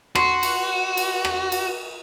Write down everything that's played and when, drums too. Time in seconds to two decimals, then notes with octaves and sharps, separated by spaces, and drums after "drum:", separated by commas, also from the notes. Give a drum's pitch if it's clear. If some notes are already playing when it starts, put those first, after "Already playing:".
0.15 F#4 C6 C#6, drum: rim click
0.43 drum: cymbal
0.97 drum: cymbal
1.25 drum: rim click
1.52 drum: cymbal